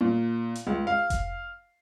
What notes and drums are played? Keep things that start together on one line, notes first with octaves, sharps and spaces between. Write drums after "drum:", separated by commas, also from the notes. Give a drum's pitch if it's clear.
A#2
drum: hi-hat
C#2
F5
drum: kick F1, hi-hat